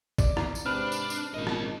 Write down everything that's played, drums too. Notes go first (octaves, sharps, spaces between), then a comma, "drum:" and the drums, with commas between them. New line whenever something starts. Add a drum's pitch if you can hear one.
D5, drum: kick A1, tambourine
drum: rim click
drum: tambourine
G#2 C3 C4 D4 B4 F6
drum: tambourine
drum: tambourine
G#1 A#2 C#4 D#5
drum: rim click